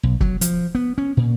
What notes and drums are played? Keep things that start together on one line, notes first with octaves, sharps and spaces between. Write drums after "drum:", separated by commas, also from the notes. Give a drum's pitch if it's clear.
B1
F#3, drum: kick
F3, drum: hi-hat
B3
C#4
A#2